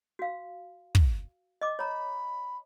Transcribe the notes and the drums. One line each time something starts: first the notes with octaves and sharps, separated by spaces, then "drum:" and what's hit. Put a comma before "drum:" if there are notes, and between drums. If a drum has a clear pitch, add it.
F#4 F5
drum: kick
D#5 D6
C#5 A#5 B5